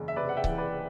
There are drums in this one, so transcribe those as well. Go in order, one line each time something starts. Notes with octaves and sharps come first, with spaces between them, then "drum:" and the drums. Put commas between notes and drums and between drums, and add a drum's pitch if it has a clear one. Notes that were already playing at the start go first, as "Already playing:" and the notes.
Already playing: F#1 E2
E5
C3 B4 D5
F#5
E5 G5
E3, drum: kick C#1
B4 D5